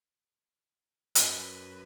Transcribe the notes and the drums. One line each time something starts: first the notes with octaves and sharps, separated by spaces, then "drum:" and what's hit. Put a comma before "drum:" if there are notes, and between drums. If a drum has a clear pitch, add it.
F#2 B4, drum: hi-hat